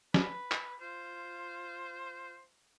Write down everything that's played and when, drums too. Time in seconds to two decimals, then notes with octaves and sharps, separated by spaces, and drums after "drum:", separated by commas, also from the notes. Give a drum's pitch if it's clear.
0.14 B4, drum: snare
0.52 drum: clap
0.81 F4 C5